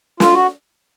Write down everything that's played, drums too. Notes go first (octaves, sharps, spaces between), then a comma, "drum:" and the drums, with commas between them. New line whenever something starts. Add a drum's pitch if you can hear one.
F4, drum: snare
F#4